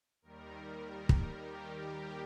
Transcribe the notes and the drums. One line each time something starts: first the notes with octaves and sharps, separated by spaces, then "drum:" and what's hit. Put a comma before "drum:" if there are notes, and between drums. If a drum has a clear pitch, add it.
D#2 D#3 G3 A#4
drum: kick
G4